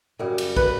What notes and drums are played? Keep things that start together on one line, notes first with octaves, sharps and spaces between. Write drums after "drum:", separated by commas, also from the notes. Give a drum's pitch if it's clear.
F#2 C#3 G3
drum: cymbal
B4, drum: kick